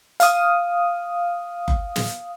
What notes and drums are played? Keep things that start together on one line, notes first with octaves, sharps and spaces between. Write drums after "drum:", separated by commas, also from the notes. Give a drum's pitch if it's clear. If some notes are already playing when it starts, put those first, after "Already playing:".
F5 D#6, drum: hi-hat
drum: kick F#1
drum: snare